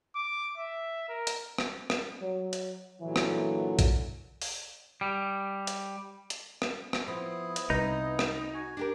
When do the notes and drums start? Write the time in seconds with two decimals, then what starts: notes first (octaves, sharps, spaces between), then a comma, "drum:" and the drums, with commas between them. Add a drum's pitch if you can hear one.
0.16 D6
0.57 E5
1.09 A#4
1.27 drum: hi-hat
1.58 drum: rim click
1.90 drum: rim click
2.21 F#3
2.53 drum: hi-hat
3.01 A#2 D3 E3 F#3
3.16 drum: rim click
3.79 drum: kick, hi-hat
4.42 drum: open hi-hat
5.01 G3
5.67 drum: hi-hat
6.30 drum: hi-hat
6.62 drum: rim click
6.93 drum: rim click
7.07 F3 B3 C4 E4 D#6
7.56 drum: hi-hat
7.70 C2 D#4 B4
8.19 drum: rim click
8.54 F#4 G#5
8.77 D4 G4 A#4 D6